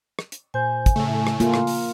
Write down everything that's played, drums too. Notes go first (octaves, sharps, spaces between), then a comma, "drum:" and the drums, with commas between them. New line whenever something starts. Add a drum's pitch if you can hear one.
drum: rim click
drum: hi-hat
A#2 C5 G#5 G6
drum: kick, hi-hat
A2 C#3 A3
drum: rim click
A#3 F4, drum: hi-hat
drum: rim click
drum: open hi-hat